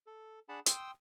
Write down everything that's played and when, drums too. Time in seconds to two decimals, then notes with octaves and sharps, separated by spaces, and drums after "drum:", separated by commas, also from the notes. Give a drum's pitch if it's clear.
0.07 A4
0.49 D4 G#4 F#5 A5 B5
0.66 G5 C6 D#6 E6, drum: hi-hat